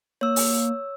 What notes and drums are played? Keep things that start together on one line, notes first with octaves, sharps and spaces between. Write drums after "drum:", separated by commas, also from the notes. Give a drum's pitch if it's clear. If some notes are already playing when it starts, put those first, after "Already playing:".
A#3 C#5 E6
drum: open hi-hat